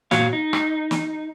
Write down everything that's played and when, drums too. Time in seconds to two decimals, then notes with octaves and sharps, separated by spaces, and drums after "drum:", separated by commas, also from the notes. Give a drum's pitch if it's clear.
0.11 A#2 F#4 C#5 F5, drum: snare
0.33 D#4
0.53 drum: rim click
0.91 drum: snare